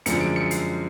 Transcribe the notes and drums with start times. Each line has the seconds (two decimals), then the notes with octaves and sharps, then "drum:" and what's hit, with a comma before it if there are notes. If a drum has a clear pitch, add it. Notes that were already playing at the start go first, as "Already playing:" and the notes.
0.06 F#2 D3 F3 G#3 C#7, drum: hi-hat
0.21 D7
0.36 C#7
0.51 C7, drum: hi-hat